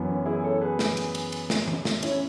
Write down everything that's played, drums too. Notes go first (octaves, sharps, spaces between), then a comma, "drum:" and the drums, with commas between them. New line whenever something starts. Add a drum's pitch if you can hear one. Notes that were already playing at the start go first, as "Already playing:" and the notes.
Already playing: F#2 E3 B3
C#4
E4 G#4
A4 C#5
G#4 B4
drum: snare
drum: cymbal
drum: cymbal
drum: cymbal
drum: snare
drum: tom D#3
drum: snare
C#4 E4, drum: cymbal